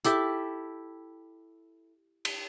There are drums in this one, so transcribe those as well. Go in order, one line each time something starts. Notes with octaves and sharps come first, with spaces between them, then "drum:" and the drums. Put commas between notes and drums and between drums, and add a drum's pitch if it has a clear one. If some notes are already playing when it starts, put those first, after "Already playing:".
E4 G4 A4 E5, drum: hi-hat
drum: cymbal